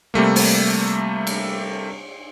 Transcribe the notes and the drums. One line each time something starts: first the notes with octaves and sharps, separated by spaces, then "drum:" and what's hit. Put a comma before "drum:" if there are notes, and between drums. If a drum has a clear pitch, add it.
C3 G3 A3 A#3
drum: open hi-hat
drum: cymbal